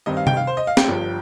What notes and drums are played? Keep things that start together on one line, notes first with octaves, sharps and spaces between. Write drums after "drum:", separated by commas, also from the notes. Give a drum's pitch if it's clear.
G2 D#3 C4 D#4 D#5
F5
G5, drum: tom C3
F5
C5
D#5
F5
G5, drum: snare
G1 G2 F3